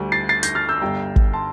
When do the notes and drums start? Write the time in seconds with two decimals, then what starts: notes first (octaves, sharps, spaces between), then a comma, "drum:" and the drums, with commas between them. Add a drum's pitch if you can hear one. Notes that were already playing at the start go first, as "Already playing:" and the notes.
Already playing: D2 D3 G3
0.12 A6 C7
0.29 A6 C7
0.43 G6 A#6, drum: hi-hat
0.55 F6 A6
0.69 E6 G6
0.81 G1 G2 D3 G3 G5 A#5
1.16 drum: kick
1.33 A5 C6